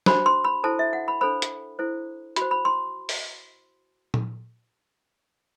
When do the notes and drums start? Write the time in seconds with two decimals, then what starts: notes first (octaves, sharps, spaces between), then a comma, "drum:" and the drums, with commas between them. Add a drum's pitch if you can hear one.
0.06 D4 F#4 C5 B5, drum: snare
0.26 C6
0.45 B5
0.64 E4 A4 C5 A5
0.79 E5
0.93 F#5
1.08 B5
1.21 D4 A4 C5 B5
1.42 drum: hi-hat
1.79 E4 A4 C5
2.36 F#4 C5 B5, drum: hi-hat
2.51 B5
2.65 C6
3.09 drum: open hi-hat
4.14 drum: tom A#2